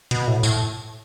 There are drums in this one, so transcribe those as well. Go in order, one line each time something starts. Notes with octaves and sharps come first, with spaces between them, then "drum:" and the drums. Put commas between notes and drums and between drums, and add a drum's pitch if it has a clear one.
B2, drum: hi-hat
A2
A2, drum: tambourine